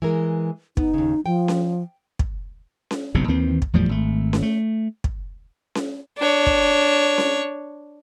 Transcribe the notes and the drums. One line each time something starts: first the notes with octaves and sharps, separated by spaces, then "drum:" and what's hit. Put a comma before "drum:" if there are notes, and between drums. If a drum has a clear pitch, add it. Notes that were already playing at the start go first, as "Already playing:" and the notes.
E3 G#3 A#4
B3 D#4, drum: kick
D#2 C#3
F3 G5
drum: snare C#4
drum: kick
drum: snare C#4
F#1 B1 G2 C3
D#2 D#3 E3 C4
drum: kick
E2 A2 F3 G3
G#1 A3
drum: snare C#4
A3
drum: kick
drum: snare C#4
D4 C#5
drum: kick
drum: snare C#4